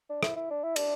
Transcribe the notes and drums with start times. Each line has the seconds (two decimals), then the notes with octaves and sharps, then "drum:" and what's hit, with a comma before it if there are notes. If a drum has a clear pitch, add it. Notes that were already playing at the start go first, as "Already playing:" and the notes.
0.10 D4
0.23 E4, drum: rim click
0.36 E4
0.50 D4
0.64 E4
0.76 D4, drum: cymbal